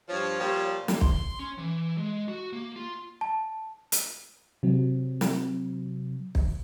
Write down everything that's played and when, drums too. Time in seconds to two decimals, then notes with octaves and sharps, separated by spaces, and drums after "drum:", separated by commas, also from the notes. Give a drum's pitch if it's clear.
0.08 G2 F3 C#5
0.39 A#2 F3 G3
0.88 A#3, drum: snare
1.01 C6, drum: kick
1.39 C#4
1.58 E3
1.98 G#3
2.28 F#4
2.53 A#3
2.76 F4
3.21 A5
3.92 drum: hi-hat
4.63 C3 F#3 C4
5.21 drum: snare
6.35 drum: kick